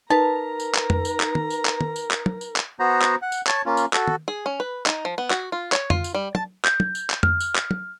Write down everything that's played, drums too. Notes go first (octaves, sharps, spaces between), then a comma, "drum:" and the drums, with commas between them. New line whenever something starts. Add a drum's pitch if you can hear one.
D#4 A#4 B4 A5 A#5
drum: tambourine
drum: clap
drum: tom F2
drum: tambourine
drum: clap
drum: tom
drum: tambourine
drum: clap
drum: tom
drum: tambourine
drum: clap
drum: tom
drum: tambourine
drum: clap
B3 F#4 C5 A#5
drum: clap
F#5
drum: tambourine
C#5 A5, drum: clap
A#3 C#4 F4
drum: tambourine
F#4 A4, drum: clap
drum: tom
G#4
C#4
B4
D#4, drum: clap
F3
B3
F#4, drum: clap
F4
C#5, drum: clap
F4, drum: tom F2
drum: tambourine
G3
A5, drum: tom
G6, drum: clap
drum: tom
drum: tambourine
drum: clap
F6, drum: tom F2
drum: tambourine
drum: clap
drum: tom